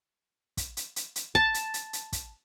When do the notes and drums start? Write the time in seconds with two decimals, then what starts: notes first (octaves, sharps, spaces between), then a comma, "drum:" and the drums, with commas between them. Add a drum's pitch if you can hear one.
0.57 drum: kick, hi-hat
0.77 drum: hi-hat
0.96 drum: hi-hat
1.16 drum: hi-hat
1.35 A5, drum: kick
1.54 drum: hi-hat
1.74 drum: hi-hat
1.93 drum: hi-hat
2.13 drum: kick, hi-hat